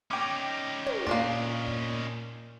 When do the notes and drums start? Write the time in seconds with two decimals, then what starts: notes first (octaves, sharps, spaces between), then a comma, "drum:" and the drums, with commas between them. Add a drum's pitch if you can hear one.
0.11 C#4 D#4 G5 D6
0.86 drum: tom
1.07 A#2 A#3 D4 D5, drum: kick
1.67 drum: kick